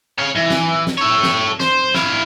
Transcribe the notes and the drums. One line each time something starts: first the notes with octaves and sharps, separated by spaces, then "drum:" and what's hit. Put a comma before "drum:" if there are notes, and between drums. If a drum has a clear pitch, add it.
C#5 F5
E3
drum: snare
drum: snare
A4 C#5
drum: snare
C5, drum: snare
E4 F5, drum: snare